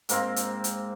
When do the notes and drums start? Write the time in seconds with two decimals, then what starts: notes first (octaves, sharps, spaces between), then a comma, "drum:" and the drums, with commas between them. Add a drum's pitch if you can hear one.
0.09 G#2 A#3 C4, drum: hi-hat
0.36 drum: hi-hat
0.64 drum: hi-hat